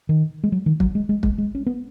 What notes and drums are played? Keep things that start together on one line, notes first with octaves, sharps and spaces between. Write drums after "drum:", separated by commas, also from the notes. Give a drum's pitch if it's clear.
D#3
G#3
F#3
D#3
F#3, drum: kick
G#3
G#3
G#3, drum: kick
G#3
C#4
B3